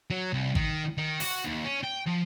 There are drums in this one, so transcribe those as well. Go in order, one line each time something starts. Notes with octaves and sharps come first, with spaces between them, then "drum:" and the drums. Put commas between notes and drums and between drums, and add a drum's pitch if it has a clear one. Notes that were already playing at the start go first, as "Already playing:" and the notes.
F#3
C2
D#3, drum: kick
D#3
F#4, drum: open hi-hat
D#2
C#4
G5
F3